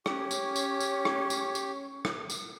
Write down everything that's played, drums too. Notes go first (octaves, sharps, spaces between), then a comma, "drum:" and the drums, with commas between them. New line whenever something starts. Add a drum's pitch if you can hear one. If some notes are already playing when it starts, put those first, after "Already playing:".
C#4 G4 C#6, drum: rim click
drum: tambourine
drum: tambourine
drum: tambourine
drum: rim click
drum: tambourine
drum: tambourine
drum: rim click
drum: tambourine